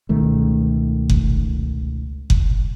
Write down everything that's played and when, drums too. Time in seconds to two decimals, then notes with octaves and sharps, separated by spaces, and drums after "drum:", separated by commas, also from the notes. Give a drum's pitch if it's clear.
0.09 C#2 B2 D#3 A3
1.10 drum: kick F#1
2.30 drum: kick F#1